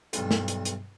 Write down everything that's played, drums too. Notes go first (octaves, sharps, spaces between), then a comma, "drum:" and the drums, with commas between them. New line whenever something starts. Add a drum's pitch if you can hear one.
B1 G2, drum: hi-hat
drum: snare
drum: hi-hat
drum: hi-hat